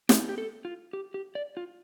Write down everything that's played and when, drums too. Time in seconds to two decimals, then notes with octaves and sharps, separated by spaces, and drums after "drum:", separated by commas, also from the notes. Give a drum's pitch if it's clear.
0.09 G4, drum: snare
0.29 G4
0.38 A4
0.65 F4
0.93 G4
1.14 G4
1.35 D5
1.57 F4